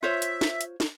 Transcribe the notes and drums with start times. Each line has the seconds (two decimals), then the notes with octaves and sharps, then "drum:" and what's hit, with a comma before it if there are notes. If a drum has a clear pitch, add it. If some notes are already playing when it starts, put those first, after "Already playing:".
0.03 F4 C5 C#5 E5
0.22 drum: hi-hat
0.41 drum: snare
0.61 drum: hi-hat
0.80 drum: snare